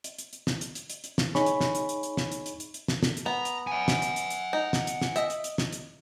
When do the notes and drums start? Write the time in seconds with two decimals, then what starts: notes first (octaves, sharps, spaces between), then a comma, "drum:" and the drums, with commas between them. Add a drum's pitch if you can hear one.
0.04 drum: hi-hat
0.19 drum: hi-hat
0.33 drum: hi-hat
0.47 drum: snare
0.61 drum: hi-hat
0.75 drum: hi-hat
0.90 drum: hi-hat
1.04 drum: hi-hat
1.18 drum: snare
1.35 D#4 G#4 C#5 G#5 B5 C#6, drum: snare
1.46 drum: hi-hat
1.61 drum: snare
1.75 drum: hi-hat
1.89 drum: hi-hat
2.03 drum: hi-hat
2.17 drum: snare
2.32 drum: hi-hat
2.46 drum: hi-hat
2.60 drum: hi-hat
2.74 drum: hi-hat
2.88 drum: snare
3.03 drum: snare
3.17 drum: hi-hat
3.26 B3 A#5
3.45 drum: hi-hat
3.67 F#5 G#5
3.88 drum: snare
4.02 drum: hi-hat
4.16 drum: hi-hat
4.30 drum: hi-hat
4.53 D#4
4.73 drum: snare
4.87 drum: hi-hat
5.01 drum: snare
5.16 D#5 E5, drum: hi-hat
5.30 drum: hi-hat
5.44 drum: hi-hat
5.58 drum: snare
5.72 drum: hi-hat